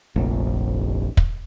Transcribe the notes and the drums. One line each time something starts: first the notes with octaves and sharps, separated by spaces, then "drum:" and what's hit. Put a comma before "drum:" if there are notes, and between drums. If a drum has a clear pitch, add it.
F1 A#1
drum: kick